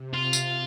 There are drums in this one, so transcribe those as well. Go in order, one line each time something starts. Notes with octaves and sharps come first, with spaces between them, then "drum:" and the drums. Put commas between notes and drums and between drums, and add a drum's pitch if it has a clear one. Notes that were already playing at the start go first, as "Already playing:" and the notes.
Already playing: C3
F4
drum: tambourine